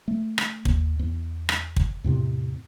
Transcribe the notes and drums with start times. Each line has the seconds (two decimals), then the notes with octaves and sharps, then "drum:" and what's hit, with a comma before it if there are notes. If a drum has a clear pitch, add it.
0.08 A3
0.38 drum: rim click
0.65 D#2, drum: kick
0.99 E2
1.49 drum: rim click
1.76 drum: kick
2.04 E2 A2 C3